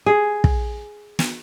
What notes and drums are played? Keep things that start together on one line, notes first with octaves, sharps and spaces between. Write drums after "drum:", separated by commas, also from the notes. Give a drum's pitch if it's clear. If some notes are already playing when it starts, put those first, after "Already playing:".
G#4
drum: kick
drum: snare